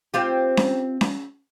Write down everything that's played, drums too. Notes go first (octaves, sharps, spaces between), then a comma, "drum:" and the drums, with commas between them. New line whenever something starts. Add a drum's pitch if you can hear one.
C4 F4 G4
drum: snare C#4
drum: snare C#4